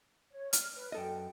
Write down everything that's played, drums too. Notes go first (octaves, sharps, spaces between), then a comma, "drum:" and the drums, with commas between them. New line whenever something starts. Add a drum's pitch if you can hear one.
C#5
F6, drum: hi-hat
B4
F#2 A4 D#5 G5